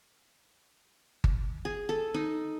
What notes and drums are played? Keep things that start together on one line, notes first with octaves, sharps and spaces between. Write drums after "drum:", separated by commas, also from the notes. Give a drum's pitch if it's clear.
drum: kick G1
G#4
A4
D#4